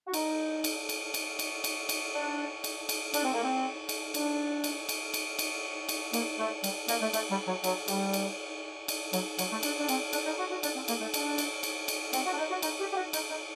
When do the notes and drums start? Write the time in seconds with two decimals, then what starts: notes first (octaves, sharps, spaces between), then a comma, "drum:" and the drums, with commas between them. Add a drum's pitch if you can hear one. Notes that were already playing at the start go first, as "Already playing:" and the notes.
0.07 F#4
0.14 D#4, drum: cymbal
0.64 drum: cymbal
0.89 drum: cymbal
1.14 drum: cymbal
1.39 drum: cymbal
1.64 drum: cymbal
1.89 drum: cymbal
2.14 D4
2.64 drum: cymbal
2.89 drum: cymbal
3.14 D4, drum: cymbal
3.23 C4
3.33 A#3
3.43 C4
3.89 drum: cymbal
4.14 D4, drum: cymbal
4.64 drum: cymbal
4.89 drum: cymbal
5.14 drum: cymbal
5.39 drum: cymbal
5.89 drum: cymbal
6.13 A#3, drum: cymbal
6.39 A3
6.64 G3, drum: cymbal
6.88 A#3, drum: cymbal
7.01 A3
7.13 A3, drum: cymbal
7.30 G3
7.47 F#3
7.64 F#3, drum: cymbal
7.88 G3, drum: cymbal
8.13 drum: cymbal
8.88 drum: cymbal
9.13 F#3, drum: cymbal
9.39 F#3, drum: cymbal
9.51 A3
9.63 D4, drum: cymbal
9.79 D4
9.88 C4, drum: cymbal
10.13 D4, drum: cymbal
10.25 D#4
10.39 F#4
10.51 F#4
10.63 D4, drum: cymbal
10.75 C4
10.88 A#3, drum: cymbal
11.01 A3
11.14 D4, drum: cymbal
11.38 drum: cymbal
11.63 drum: cymbal
11.88 drum: cymbal
12.13 C4, drum: cymbal
12.26 F#4
12.32 D4
12.38 D#4
12.51 F#4
12.62 D#4, drum: cymbal
12.80 G4
12.92 G4
12.96 F#4
13.13 D#4, drum: cymbal
13.30 D#4